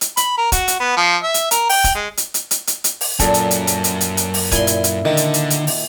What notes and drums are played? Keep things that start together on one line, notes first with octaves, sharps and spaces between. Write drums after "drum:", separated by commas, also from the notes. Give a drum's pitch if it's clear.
drum: hi-hat
B5, drum: hi-hat
A#4
F#4, drum: kick, hi-hat
drum: hi-hat
B3
F3
E5
drum: hi-hat
A#4, drum: hi-hat
G5, drum: open hi-hat
drum: kick, hi-hat
G#3
drum: hi-hat
drum: hi-hat
drum: hi-hat
drum: hi-hat
drum: hi-hat
drum: open hi-hat
F#2 A#2 A4 A5, drum: kick, hi-hat
drum: hi-hat
drum: hi-hat
drum: hi-hat
drum: hi-hat
drum: hi-hat
drum: hi-hat
drum: open hi-hat
A#2 E4 G#5 C6, drum: kick, hi-hat
drum: hi-hat
drum: hi-hat
D3 D#3
drum: hi-hat
drum: hi-hat
drum: hi-hat
drum: open hi-hat